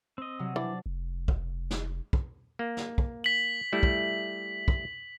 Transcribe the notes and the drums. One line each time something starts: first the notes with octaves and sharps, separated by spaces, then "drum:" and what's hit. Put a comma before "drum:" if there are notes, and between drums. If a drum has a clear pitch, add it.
C4 D#5
C3 F#3 G3
E3 D4 D5
F1
drum: kick
drum: snare
drum: kick
A#3
drum: snare
drum: kick
B6 F#7
G3 A3 E4
drum: kick
drum: kick